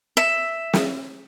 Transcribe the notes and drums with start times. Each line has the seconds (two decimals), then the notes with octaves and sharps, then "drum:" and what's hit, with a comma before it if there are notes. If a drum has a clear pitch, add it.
0.17 E5
0.73 drum: snare